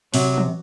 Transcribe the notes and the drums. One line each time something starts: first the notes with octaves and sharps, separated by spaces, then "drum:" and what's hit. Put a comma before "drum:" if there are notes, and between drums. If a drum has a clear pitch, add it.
C3 F#3, drum: open hi-hat
drum: tom E3